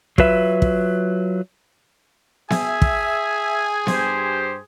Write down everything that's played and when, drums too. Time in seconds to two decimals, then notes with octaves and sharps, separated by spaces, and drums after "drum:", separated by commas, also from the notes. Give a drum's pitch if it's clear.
0.18 F#3 F4 B4 E5, drum: kick
0.62 drum: kick
2.50 G#4 E5 G#5, drum: snare B3
2.82 drum: kick
3.87 G2 G4 C5, drum: snare B3